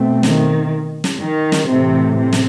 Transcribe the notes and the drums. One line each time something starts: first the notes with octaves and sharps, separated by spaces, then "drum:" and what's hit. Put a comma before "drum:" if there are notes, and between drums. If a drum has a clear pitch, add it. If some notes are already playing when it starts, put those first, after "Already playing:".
Already playing: B2 A3 C4
D#3, drum: snare
drum: snare
D#3
drum: snare
A2 C3 E3 A3
C3
drum: snare